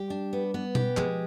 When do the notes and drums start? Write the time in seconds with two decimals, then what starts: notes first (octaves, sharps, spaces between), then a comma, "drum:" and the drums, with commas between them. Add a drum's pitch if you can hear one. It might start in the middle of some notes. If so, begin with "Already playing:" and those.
Already playing: G3 G4
0.10 D4
0.33 B3
0.54 B3
0.75 G4, drum: tom B2
0.97 F3 G#3, drum: clap